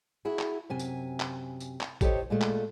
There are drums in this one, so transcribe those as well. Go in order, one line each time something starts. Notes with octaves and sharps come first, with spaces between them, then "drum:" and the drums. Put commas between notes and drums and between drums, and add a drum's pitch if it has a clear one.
E4 F#4 G#4
drum: clap
F#2 C3 G#5
drum: tambourine
drum: clap
drum: tambourine
drum: clap
E4 G4 A4 C5 C#5 D#5, drum: kick G#1, tambourine
A#2 G#3 A3
drum: clap